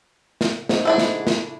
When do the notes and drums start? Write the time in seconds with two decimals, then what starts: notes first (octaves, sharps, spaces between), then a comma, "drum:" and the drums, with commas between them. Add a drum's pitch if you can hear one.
0.41 drum: snare
0.69 G#2, drum: snare
0.85 D4 E4 A4
0.98 drum: snare
1.27 drum: snare